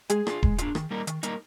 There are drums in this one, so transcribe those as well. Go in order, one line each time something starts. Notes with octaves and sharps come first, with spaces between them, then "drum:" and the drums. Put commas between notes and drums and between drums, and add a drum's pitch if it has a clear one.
G#3 G#4, drum: hi-hat
D4 F4, drum: rim click
G#3, drum: kick D#1
D4 F4, drum: hi-hat
D#3, drum: rim click
G3 A#3 D#4 A#4
D#3, drum: hi-hat
G3 A#3 D#4 A#4, drum: hi-hat